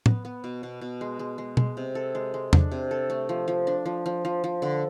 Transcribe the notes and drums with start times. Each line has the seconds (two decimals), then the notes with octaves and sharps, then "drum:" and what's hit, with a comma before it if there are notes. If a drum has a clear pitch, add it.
0.06 B3, drum: tom
0.25 B3
0.44 B2
0.63 B2
0.81 B2
1.01 G#3
1.19 G#3
1.38 G#3
1.57 G#3, drum: tom B2
1.77 C3
1.95 A4
2.15 G#3
2.34 G#3
2.53 D4, drum: tom E2
2.72 C3
2.91 A4
3.10 A3
3.29 F3
3.48 F3
3.67 D4
3.86 F3
4.06 F3
4.25 F3
4.44 F3
4.62 D3